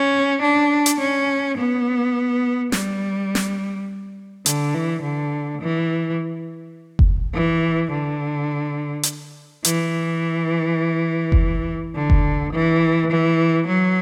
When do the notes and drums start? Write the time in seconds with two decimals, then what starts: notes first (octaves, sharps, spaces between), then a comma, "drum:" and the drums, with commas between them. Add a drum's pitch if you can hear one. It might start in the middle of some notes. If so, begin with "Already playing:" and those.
Already playing: C#4
0.42 D4
0.86 drum: hi-hat
0.99 C#4
1.57 B3
2.72 G3, drum: snare
3.35 drum: snare
4.46 D3, drum: hi-hat
4.74 E3
5.02 D3
5.60 E3
6.99 drum: kick F#1
7.34 E3
7.91 D3
9.03 drum: hi-hat
9.64 E3, drum: hi-hat
11.32 drum: kick F#1
11.94 D3
12.10 drum: kick F#1
12.52 E3
13.10 E3
13.67 F#3